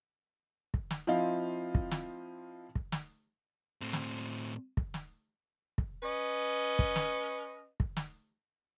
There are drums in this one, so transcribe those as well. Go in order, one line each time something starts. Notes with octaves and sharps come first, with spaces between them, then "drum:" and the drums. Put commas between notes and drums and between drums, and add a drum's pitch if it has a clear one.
drum: kick
drum: snare
F3 C4 E4 D#5 F5
drum: kick
drum: snare
drum: kick
drum: snare
A2 C4
drum: snare
drum: kick
drum: snare
drum: kick
C#4 B4 D#5
drum: kick
drum: snare
drum: kick
drum: snare